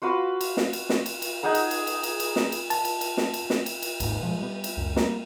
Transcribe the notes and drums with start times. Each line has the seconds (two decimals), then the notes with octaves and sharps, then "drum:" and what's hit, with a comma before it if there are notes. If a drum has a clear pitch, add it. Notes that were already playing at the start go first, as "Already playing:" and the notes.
0.02 F4 F#4 B4 F5
0.41 drum: cymbal
0.57 drum: snare
0.73 drum: cymbal
0.89 drum: snare
1.06 drum: cymbal
1.22 drum: cymbal
1.43 D#4 G#4 F#5 B5
1.55 drum: cymbal
1.71 drum: cymbal
1.87 drum: cymbal
2.03 drum: cymbal
2.20 drum: cymbal
2.36 drum: snare
2.52 drum: cymbal
2.70 A5, drum: cymbal
2.85 drum: cymbal
3.01 drum: cymbal
3.17 drum: snare
3.34 drum: cymbal
3.50 drum: snare
3.66 drum: cymbal
3.82 drum: cymbal
4.00 G#1 D#2 G#2, drum: cymbal
4.21 B2 F3 G#3
4.38 G3 B3
4.64 drum: cymbal
4.77 C#2 F#2
4.96 G3 A#3, drum: snare